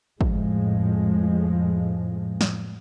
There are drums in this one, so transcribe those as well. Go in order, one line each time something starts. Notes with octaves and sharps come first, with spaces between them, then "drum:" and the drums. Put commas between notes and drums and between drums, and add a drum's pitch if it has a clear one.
F2 A2 F3 G#3, drum: kick
drum: snare